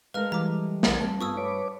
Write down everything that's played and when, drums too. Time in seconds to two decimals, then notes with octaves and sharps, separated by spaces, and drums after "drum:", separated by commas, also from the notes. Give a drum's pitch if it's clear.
0.14 G#3 A3 A#4 B4 F5 F6
0.32 E3 G3 A#5 D6
0.83 A#1 G#6, drum: snare
1.01 G3 C4 G5 A5
1.21 G2 A3 B3 F4 G#5 C#6 D#6 E6
1.37 B4 C#5 D6